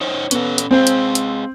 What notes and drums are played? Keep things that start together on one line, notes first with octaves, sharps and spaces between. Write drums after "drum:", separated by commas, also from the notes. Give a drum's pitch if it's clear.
D#4 C5 C#5
B3 C#4 A4, drum: hi-hat
drum: hi-hat
G#3 C4 G#4 C5 F5
drum: hi-hat
drum: hi-hat